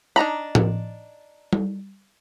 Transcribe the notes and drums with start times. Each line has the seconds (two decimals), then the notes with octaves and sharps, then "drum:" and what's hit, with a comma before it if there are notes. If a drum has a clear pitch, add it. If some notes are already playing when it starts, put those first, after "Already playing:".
0.16 D4 D#4 A#5 B5
0.55 drum: tom A2
1.53 drum: tom G3